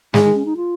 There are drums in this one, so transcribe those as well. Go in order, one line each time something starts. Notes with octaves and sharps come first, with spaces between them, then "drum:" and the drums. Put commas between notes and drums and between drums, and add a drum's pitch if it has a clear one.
D#3 G#3, drum: snare
D#3
C#4
D#4
F4